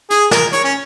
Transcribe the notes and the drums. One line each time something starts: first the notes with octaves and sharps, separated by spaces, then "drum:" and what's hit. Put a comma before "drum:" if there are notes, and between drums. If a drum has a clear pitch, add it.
G#4, drum: hi-hat
A#4, drum: snare
C#5, drum: hi-hat
C#4